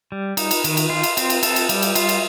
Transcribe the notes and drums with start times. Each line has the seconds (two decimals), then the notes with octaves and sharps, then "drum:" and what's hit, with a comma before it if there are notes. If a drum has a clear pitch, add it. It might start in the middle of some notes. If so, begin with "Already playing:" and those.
0.12 G3
0.37 D#4, drum: cymbal
0.51 drum: cymbal
0.64 D#3, drum: cymbal
0.77 drum: cymbal
0.90 F4
1.03 drum: cymbal
1.17 C4, drum: cymbal
1.30 drum: cymbal
1.43 A4, drum: cymbal
1.56 drum: cymbal
1.69 G3, drum: cymbal
1.82 drum: cymbal
1.95 F4, drum: cymbal
2.09 drum: cymbal